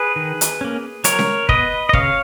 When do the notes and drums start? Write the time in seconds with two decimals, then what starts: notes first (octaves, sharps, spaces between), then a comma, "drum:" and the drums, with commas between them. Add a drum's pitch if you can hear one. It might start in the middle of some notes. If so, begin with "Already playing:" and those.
Already playing: G#4 B4
0.16 D#3
0.41 drum: hi-hat
0.61 A#3 C#4
1.04 F#3 A#4 C#5, drum: hi-hat
1.19 drum: snare C#4
1.49 B3 B4 D#5, drum: kick
1.89 D#5
1.93 C#3 C#5 F5, drum: kick